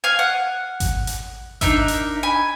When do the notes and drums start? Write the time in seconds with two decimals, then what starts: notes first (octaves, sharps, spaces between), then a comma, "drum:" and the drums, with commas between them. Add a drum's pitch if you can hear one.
0.04 F5 G#5
0.19 F#5
0.80 drum: kick G#1, hi-hat
1.07 drum: hi-hat
1.61 D4 D#4 A#4 E5, drum: kick G#1, hi-hat
1.88 drum: hi-hat
2.23 G#5 B5